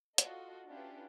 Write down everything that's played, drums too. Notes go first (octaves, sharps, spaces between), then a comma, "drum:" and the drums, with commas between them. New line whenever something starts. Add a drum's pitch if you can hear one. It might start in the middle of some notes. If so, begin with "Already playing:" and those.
F4 F#4 A4 D#5, drum: hi-hat
C#4 D4 E4 F4 G4 B4